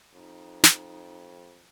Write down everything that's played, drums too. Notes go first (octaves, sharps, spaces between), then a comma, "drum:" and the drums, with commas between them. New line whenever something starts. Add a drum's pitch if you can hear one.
F2 D#4
drum: snare